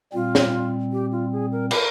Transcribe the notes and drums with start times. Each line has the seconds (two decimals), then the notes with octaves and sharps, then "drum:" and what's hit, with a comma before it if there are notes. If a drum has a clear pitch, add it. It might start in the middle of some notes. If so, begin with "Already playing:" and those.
0.13 A#2 G3 C4 F4
0.35 drum: snare
0.92 G4
1.12 F4
1.32 G#4
1.52 A#4
1.71 A#4, drum: cymbal